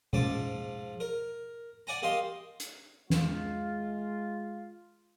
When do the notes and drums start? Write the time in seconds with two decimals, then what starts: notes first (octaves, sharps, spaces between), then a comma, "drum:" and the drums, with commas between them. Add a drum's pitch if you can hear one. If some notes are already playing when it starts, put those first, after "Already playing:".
0.13 G#2 F3 A5 D6, drum: tom B2
1.00 A#4
1.87 D5 F#5 G#5 A#5
2.02 A#3 G4 D#5 C6
2.60 drum: hi-hat
3.10 G#3 F4, drum: snare